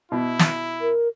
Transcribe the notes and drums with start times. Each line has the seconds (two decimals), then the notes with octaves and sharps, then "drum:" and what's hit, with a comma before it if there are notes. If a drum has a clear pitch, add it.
0.12 B2 E4
0.39 drum: snare
0.81 A#4